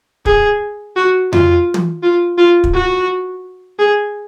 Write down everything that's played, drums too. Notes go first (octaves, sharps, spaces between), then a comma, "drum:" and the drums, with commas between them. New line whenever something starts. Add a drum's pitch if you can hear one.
G#4, drum: kick
F#4
F4, drum: tom F2
drum: tom
F4
F4
drum: kick
F#4
G#4